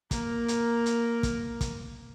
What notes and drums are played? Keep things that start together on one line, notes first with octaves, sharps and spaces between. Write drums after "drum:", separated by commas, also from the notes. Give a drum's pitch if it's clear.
A#3 A#4, drum: kick, hi-hat
drum: hi-hat
drum: hi-hat
drum: kick, hi-hat
drum: kick, hi-hat